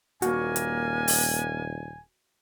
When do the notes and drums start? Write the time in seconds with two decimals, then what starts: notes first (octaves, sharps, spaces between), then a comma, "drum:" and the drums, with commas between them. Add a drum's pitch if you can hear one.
0.22 D#1 A#3 F#4 G#5, drum: hi-hat
0.56 drum: hi-hat
1.08 drum: open hi-hat